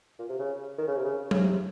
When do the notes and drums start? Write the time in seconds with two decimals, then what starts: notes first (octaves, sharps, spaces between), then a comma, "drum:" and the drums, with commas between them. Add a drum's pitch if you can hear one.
0.19 A#2
0.29 C3
0.39 C#3
0.78 D#3
0.88 C#3
0.96 C3
1.04 C#3
1.31 C#3, drum: tom F#3
1.39 C3